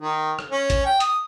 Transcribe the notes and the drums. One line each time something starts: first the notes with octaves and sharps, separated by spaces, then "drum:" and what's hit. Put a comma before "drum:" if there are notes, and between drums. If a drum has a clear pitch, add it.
D#3
drum: rim click
C#4
drum: kick A1, hi-hat
G5
D#6, drum: hi-hat